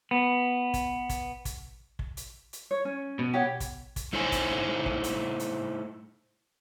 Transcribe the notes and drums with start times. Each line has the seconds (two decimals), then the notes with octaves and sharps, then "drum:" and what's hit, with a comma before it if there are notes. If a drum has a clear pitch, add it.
0.11 B3
0.74 drum: kick, hi-hat
1.09 drum: kick, hi-hat
1.45 drum: kick, hi-hat
1.99 drum: kick
2.17 drum: hi-hat
2.53 drum: hi-hat
2.71 C#5
2.85 C#4
3.19 B2
3.34 G4 C#5 F#5
3.60 drum: kick, hi-hat
3.96 drum: kick, hi-hat
4.13 A3 D#4 E4 C5 C#5 G#5
4.32 drum: kick, hi-hat
4.86 drum: kick
5.04 drum: hi-hat
5.40 drum: hi-hat